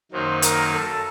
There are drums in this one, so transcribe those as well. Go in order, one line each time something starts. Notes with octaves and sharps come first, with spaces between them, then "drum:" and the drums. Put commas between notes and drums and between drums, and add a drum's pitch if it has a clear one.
F#2 D#3 F#3 A#3 D#4 C5
A#4, drum: hi-hat
A4